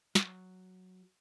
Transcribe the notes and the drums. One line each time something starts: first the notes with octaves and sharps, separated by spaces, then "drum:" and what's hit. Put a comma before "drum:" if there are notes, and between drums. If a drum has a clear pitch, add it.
F#3, drum: snare